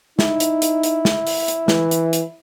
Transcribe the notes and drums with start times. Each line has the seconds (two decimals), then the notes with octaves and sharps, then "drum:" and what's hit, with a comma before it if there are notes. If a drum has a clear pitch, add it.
0.19 D#4 E4, drum: snare
0.40 drum: hi-hat
0.62 drum: hi-hat
0.83 drum: hi-hat
1.05 drum: snare
1.27 drum: open hi-hat
1.48 drum: hi-hat
1.68 E3, drum: snare
1.91 drum: hi-hat
2.13 drum: hi-hat